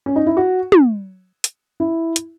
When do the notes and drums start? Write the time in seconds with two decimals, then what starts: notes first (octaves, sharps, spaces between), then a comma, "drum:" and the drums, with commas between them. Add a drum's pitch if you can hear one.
0.06 C#4
0.16 D#4
0.26 E4
0.37 F#4
0.72 drum: tom
1.44 drum: hi-hat
1.80 E4
2.16 drum: hi-hat